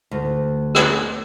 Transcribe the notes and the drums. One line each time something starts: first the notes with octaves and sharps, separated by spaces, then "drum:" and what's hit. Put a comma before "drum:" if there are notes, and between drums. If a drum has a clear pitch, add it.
D2
drum: rim click